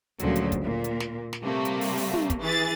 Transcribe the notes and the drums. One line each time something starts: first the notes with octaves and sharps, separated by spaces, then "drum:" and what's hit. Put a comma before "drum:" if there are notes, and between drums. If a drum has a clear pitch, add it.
D2 A#2 C#3 F3 F#3, drum: hi-hat
drum: hi-hat
drum: kick, hi-hat
A#2
drum: hi-hat
drum: snare
drum: snare
C3 G3 A3 A#3
drum: hi-hat
drum: open hi-hat
drum: open hi-hat
drum: tom
drum: kick, hi-hat
E3 G#4 A6